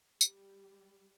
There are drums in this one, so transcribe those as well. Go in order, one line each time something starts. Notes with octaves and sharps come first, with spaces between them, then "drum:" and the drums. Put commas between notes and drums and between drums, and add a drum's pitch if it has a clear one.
G3, drum: tambourine